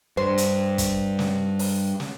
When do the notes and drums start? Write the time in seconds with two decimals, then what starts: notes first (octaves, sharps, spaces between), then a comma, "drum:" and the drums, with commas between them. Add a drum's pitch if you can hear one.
0.17 G2 C5
0.38 drum: hi-hat
0.78 drum: kick, hi-hat
1.19 drum: snare
1.59 drum: open hi-hat
2.00 drum: snare